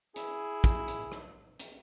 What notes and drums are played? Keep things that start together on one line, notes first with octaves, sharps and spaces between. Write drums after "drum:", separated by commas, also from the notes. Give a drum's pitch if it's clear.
E4 G#4, drum: hi-hat
drum: kick, hi-hat
drum: hi-hat
drum: rim click
drum: hi-hat